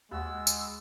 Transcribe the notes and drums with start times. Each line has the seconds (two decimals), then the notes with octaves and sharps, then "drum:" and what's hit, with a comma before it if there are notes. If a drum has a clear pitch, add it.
0.11 D#2 G#3 B3 F#4 E6
0.47 drum: tambourine